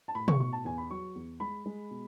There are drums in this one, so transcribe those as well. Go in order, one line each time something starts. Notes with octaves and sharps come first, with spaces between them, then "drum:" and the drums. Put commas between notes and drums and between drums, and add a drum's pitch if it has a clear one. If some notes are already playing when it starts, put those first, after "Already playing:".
A5
A2 B5
C#6, drum: tom
B2 C#6
A5
E2 G#5
B5
F#3 C#6
E2
G#3 B5
G#3
B2